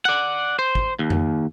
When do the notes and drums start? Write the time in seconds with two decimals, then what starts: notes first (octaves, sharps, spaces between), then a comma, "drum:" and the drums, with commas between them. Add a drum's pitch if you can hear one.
0.05 D5 F#5
0.59 C5
0.75 drum: kick
0.99 D#2
1.10 drum: tom F2